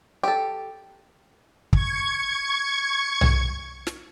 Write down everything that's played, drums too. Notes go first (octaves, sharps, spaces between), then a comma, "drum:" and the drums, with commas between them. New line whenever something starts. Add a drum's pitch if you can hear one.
G4 A4
C#6 G#6, drum: kick
drum: tom B1
drum: snare